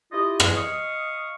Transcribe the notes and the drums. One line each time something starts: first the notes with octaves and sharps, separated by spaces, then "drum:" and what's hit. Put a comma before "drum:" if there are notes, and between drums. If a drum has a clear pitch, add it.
E4 F4 G4 D#5
C#2 A#2 F3 G#3, drum: rim click
D#5 F5 C#6 D#6